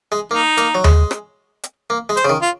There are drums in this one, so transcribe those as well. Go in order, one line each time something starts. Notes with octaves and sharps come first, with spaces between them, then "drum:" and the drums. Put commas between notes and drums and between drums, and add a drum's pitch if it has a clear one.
G#3
A#3 D#4
A#3, drum: hi-hat
F#3
G#3, drum: tom D#2
drum: rim click
drum: hi-hat
A#3
G#3
C5, drum: hi-hat
C#3
D#3
F4